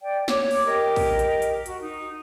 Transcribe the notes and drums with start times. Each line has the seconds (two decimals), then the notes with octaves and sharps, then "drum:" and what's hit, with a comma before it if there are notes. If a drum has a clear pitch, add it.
0.01 D5 G5
0.28 C#5 D6, drum: snare
0.51 drum: open hi-hat
0.66 G4 A#4 D#5
0.96 drum: kick, open hi-hat
1.19 drum: hi-hat
1.42 drum: hi-hat
1.66 F#4, drum: hi-hat
1.82 D#4